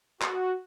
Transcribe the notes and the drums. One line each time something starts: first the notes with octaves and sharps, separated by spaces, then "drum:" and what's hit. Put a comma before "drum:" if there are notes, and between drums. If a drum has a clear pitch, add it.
F#4, drum: clap